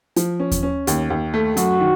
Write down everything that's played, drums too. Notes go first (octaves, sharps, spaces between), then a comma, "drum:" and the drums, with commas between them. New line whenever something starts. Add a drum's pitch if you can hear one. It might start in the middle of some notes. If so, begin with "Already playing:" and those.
F3, drum: hi-hat
C#4
drum: kick D#2, hi-hat
C#4
D#2, drum: hi-hat
D#2
A3
F#2 F#4, drum: hi-hat
D#3